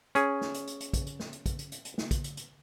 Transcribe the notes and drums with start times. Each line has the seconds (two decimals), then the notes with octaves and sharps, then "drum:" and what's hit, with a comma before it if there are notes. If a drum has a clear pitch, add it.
0.15 C#4 G#4, drum: hi-hat
0.41 drum: snare
0.54 drum: hi-hat
0.67 drum: hi-hat
0.80 drum: hi-hat
0.93 drum: kick, hi-hat
1.07 drum: hi-hat
1.20 drum: snare
1.33 drum: hi-hat
1.46 drum: kick, hi-hat
1.59 drum: hi-hat
1.72 drum: hi-hat
1.85 drum: hi-hat
1.98 drum: snare
2.11 drum: kick, hi-hat
2.24 drum: hi-hat
2.37 drum: hi-hat